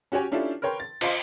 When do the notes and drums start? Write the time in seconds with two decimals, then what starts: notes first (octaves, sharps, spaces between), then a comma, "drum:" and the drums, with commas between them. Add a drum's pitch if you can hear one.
0.12 C#4 F#4 G4 C#5 G#5
0.32 C#4 D4 E4 F4 G4 A4
0.62 A#4 B4 C#5 G5 C6
0.80 A6
1.01 F4 C5 D#5 F5 C6, drum: cymbal